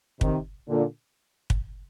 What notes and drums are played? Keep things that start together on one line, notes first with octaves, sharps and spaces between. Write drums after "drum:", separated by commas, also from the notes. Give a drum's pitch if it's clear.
C3 D#3, drum: kick
A#2 D3
drum: kick